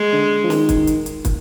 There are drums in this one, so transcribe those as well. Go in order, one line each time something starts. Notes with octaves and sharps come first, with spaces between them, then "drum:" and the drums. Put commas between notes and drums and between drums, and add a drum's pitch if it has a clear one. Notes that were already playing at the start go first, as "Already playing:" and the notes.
Already playing: G#3
D3
F3
D#3, drum: snare
drum: kick, hi-hat
drum: hi-hat
drum: hi-hat
drum: kick, hi-hat